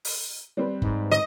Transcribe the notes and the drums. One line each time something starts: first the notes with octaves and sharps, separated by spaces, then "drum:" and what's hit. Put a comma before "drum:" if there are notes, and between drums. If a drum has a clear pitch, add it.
drum: open hi-hat
G3 C4 B4
G#2, drum: kick F#1
D#5